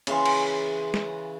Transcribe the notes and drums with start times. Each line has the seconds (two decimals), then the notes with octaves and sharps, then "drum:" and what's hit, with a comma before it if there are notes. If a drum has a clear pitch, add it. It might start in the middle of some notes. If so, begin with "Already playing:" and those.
0.07 C#3 E3 C6, drum: cymbal
0.26 drum: cymbal
0.94 drum: snare